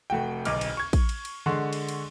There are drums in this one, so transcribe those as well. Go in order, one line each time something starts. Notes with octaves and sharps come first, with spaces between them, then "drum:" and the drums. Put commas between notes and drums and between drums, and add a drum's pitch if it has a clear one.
F1 A3 F#4 G5
D1 B1 D6 F6, drum: cymbal
drum: cymbal
C#6 G#6
drum: kick, cymbal
drum: cymbal
drum: cymbal
D3 G#3 F#5 C6 C#6
drum: cymbal
drum: cymbal